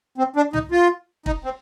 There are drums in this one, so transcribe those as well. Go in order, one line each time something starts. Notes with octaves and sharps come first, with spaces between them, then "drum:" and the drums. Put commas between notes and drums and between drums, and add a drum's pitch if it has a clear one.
C4
D4
D#4, drum: tom
F4
D#4, drum: kick
C4